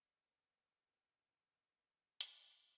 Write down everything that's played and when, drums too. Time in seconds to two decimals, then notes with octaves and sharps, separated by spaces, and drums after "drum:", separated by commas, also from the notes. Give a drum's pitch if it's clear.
0.12 C4 F#4 A#4
2.21 drum: hi-hat